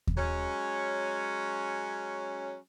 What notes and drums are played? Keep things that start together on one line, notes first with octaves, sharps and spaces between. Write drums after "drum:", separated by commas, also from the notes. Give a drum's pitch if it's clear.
drum: kick D#2
F#3 G#3 C#4